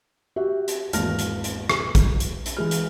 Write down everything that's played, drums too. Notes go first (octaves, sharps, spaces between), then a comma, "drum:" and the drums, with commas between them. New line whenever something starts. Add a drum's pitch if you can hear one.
F#4 G4 E5
drum: hi-hat
G#1 E2 A#3 A5 F6 A#6, drum: hi-hat
drum: hi-hat
drum: hi-hat
drum: rim click
drum: kick A#1, hi-hat
drum: hi-hat
drum: hi-hat
E3 G#3 F6
drum: hi-hat